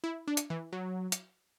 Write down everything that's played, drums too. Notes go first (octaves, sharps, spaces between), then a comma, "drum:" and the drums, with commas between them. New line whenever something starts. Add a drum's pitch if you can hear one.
E4
D4
drum: hi-hat
E3
F#3
drum: hi-hat